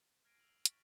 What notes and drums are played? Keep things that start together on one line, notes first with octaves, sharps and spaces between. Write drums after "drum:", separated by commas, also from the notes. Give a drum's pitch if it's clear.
F6 G#6 A#6 C7 D7 D#7
E6 C7 D7 F7 F#7
C#6 F6 A6 B6 D7, drum: hi-hat